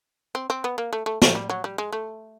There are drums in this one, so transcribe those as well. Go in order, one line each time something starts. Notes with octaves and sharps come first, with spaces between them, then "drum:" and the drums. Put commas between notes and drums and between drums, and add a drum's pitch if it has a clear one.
C4
C4
B3
A#3
A3
A3
A3, drum: snare
G3
F#3
G3
G#3
A3